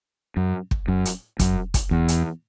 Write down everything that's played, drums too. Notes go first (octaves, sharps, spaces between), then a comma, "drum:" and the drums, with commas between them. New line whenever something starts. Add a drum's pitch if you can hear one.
F#2
drum: kick
F#2
drum: hi-hat
F#2, drum: kick, hi-hat
drum: kick, hi-hat
E2
drum: hi-hat